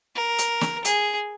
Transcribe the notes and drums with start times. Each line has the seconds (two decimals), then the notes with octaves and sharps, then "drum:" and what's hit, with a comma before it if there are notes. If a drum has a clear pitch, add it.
0.15 A#4
0.38 drum: hi-hat
0.61 drum: snare
0.85 G#4, drum: hi-hat